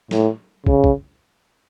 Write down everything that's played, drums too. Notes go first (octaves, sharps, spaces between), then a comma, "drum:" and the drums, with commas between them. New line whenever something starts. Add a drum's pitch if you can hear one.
A2, drum: snare
C#3, drum: kick
drum: kick